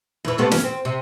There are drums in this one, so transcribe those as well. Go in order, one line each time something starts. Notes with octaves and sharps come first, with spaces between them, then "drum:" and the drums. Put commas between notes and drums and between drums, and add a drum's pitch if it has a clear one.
E2 E3
C3 A3 B3
C#4, drum: snare
C4
C3